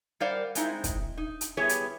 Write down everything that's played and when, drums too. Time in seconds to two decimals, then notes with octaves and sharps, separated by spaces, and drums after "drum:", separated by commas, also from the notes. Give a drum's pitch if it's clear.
0.20 G3 A#4 C5 D5 F5 F#5
0.55 G#3 C4 D#4 E4, drum: hi-hat
0.84 drum: kick, hi-hat
1.17 D#4
1.41 drum: hi-hat
1.57 G3 B3 E4 G4 G#4 C#5
1.69 drum: hi-hat